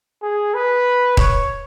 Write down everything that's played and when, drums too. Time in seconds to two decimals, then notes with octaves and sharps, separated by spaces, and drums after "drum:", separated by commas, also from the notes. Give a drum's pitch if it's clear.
0.22 G#4
0.54 B4
1.17 C#5, drum: kick D#1